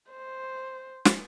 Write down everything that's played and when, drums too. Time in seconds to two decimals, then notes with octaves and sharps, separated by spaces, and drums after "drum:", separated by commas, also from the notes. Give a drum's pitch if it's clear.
0.10 C5
1.05 drum: snare